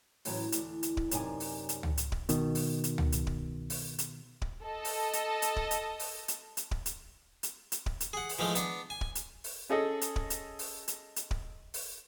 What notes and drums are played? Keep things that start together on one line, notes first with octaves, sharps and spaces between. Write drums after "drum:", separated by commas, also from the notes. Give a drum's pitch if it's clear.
A2 C#3 E3 F#3, drum: open hi-hat
D2 E3, drum: hi-hat
drum: hi-hat
drum: kick D1
F#2 C3 D#4 D5 G#5, drum: hi-hat
drum: open hi-hat
drum: hi-hat
drum: tom
drum: hi-hat
drum: kick D1
B2 D#3, drum: hi-hat
drum: open hi-hat
drum: hi-hat
drum: tom
drum: hi-hat
drum: kick D1
drum: open hi-hat
drum: hi-hat
drum: kick D1
A4 D#5
drum: open hi-hat
drum: hi-hat
drum: hi-hat
drum: kick D1
drum: hi-hat
drum: open hi-hat
drum: hi-hat
drum: hi-hat
drum: kick D1
drum: hi-hat
drum: hi-hat
drum: hi-hat
drum: kick D1
drum: hi-hat
G#4 F#5
drum: open hi-hat
E3 F3 G#3 A3
B3 D4, drum: hi-hat
G#5
drum: kick D1
drum: hi-hat
drum: open hi-hat
C#4 G#4 A4 D#5
drum: hi-hat
drum: kick D1
drum: hi-hat
drum: open hi-hat
drum: hi-hat
drum: hi-hat
drum: kick D1
drum: open hi-hat